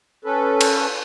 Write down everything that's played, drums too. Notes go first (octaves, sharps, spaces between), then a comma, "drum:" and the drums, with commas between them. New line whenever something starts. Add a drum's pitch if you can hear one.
C#4 A4 B4
drum: cymbal